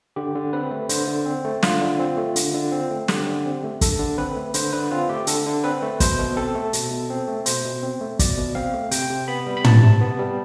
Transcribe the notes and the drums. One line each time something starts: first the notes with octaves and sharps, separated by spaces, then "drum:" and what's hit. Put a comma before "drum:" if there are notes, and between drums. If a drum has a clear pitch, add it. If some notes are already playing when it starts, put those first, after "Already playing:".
D3 G4
D3
C4 B4
A3
D3 C5, drum: hi-hat
D3
C4
A3
D3 F4, drum: snare
D3
C4
A3
D3, drum: hi-hat
D3
C4
A3
D3 G4, drum: snare
D3
C4
A3
D3 A4, drum: kick, hi-hat
D3
C4 B4
A3
D3 C5, drum: hi-hat
D3 B4
C4 F4
A3 G4
D3 A4, drum: hi-hat
D3
C4 B4
A3
B2 C5, drum: kick, hi-hat
B2
C4 A4
A3
B2, drum: hi-hat
B2
C4
A3
B2 C5, drum: hi-hat
B2
C4
A3
B2 D5, drum: kick, hi-hat
B2
C4 F5
A3
C3 G5, drum: hi-hat
C3
B3 B5
G3
B5
C3 A5, drum: tom
C3
B3
G3